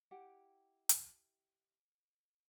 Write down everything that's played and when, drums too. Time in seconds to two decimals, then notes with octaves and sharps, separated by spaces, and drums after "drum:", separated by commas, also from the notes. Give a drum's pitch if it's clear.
0.11 E4 G4 F#5 G5
0.89 drum: hi-hat